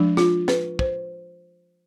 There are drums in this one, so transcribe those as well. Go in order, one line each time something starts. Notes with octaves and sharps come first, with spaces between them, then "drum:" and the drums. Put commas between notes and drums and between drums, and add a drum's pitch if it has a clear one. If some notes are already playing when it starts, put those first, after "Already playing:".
Already playing: F3 G#3 D4
F4, drum: snare
B4, drum: snare
C5, drum: kick